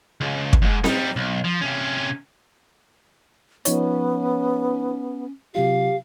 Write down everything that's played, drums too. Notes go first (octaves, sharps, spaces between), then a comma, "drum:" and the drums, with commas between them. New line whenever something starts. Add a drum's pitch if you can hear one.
C#2
drum: kick
E2 G#2
G3 D#4, drum: snare C4
B1
F3
C3 C#4
F3 B3 C#4 D#4 C#5, drum: hi-hat
C3 F#3 F4 G4 F5